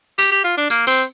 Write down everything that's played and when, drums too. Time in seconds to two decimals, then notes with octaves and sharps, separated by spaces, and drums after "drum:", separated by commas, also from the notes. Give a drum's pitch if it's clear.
0.18 G4, drum: tambourine
0.31 G4
0.44 F4
0.58 D4
0.70 A#3, drum: tambourine
0.87 C4, drum: tambourine